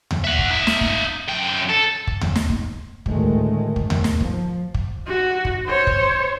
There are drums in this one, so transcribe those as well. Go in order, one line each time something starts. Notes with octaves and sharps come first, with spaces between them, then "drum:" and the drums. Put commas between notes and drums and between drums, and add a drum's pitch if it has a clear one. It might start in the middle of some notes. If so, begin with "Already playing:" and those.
drum: tom D#2
E5 F#5
drum: kick
D#4 E5
drum: snare
drum: kick
F#2 G5
A4
drum: kick
drum: tom D#2
drum: snare
drum: kick
D2 A2 D#3 G#3 A3, drum: kick
drum: kick
drum: tom D#2
drum: snare
F3, drum: kick
drum: kick
F#4
drum: kick
C5 C#5
drum: kick